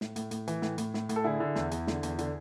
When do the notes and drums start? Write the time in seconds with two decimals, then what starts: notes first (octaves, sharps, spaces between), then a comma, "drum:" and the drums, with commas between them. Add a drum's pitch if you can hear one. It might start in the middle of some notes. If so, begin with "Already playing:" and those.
0.01 A2, drum: snare
0.16 A2, drum: hi-hat
0.31 A2, drum: hi-hat
0.48 E3, drum: hi-hat
0.62 A2, drum: snare
0.78 A2, drum: hi-hat
0.94 A2, drum: snare
1.09 A2, drum: hi-hat
1.16 A4
1.24 D3 E4 G#4
1.40 D3
1.56 E2, drum: snare
1.71 E2, drum: hi-hat
1.87 D3, drum: snare
2.03 E2, drum: hi-hat
2.18 D3, drum: hi-hat